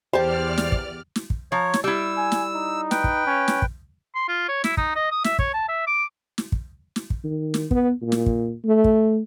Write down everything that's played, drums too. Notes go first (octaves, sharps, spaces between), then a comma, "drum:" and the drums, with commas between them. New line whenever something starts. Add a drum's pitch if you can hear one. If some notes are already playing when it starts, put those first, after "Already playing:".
E2 G4 C5 D5 A5 F6
drum: snare
drum: kick
drum: snare
drum: kick
F3 C#5 A#5
drum: snare
G3 E4 E6
G#5
drum: snare
D#4
B4 G5, drum: snare
drum: kick
C#4
drum: snare
drum: kick
C6
F4
C#5
E4, drum: snare
D#4, drum: kick
D#5
D#6
E5, drum: snare
C#5, drum: kick
A5
E5
D6
drum: snare
drum: kick
drum: snare
drum: kick
D#3
drum: snare
B3, drum: kick
A#2
drum: snare
drum: kick
A3
drum: kick